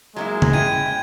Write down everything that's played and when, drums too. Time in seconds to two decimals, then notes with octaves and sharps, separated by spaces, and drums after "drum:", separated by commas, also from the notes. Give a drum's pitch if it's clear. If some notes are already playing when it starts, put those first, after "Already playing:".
0.16 F#3 G#3 A#3 E4
0.42 drum: tom
0.53 C#4 E4 G5 G#6 D#7